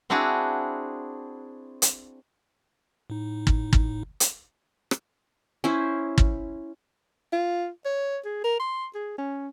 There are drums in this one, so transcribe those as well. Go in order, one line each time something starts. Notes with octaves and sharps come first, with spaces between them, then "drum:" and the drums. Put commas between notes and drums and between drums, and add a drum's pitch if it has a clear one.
C4 D4 E4 F#4 G#4
drum: hi-hat
A2 D#4
drum: kick
drum: kick
drum: hi-hat
drum: rim click
C#4 E4 C5
drum: kick
F4
C#5
G#4
A#4
C6
G#4
C#4